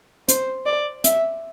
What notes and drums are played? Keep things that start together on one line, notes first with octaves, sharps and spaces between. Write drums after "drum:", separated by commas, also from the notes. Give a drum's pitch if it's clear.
C5, drum: hi-hat
D5
E5, drum: hi-hat